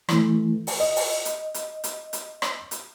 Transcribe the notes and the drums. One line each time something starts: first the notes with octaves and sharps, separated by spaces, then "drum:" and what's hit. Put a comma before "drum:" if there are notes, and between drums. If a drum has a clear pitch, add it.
E3 A3, drum: rim click
drum: open hi-hat
D#5
drum: open hi-hat
drum: hi-hat
drum: hi-hat
drum: hi-hat
drum: hi-hat
drum: rim click
drum: hi-hat